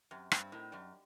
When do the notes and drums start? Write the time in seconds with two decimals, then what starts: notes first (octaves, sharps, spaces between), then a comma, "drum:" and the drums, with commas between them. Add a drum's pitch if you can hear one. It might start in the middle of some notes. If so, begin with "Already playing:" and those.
0.11 F#2 C3
0.32 G2 C4, drum: rim click
0.52 A2 D#3
0.72 F#2 G3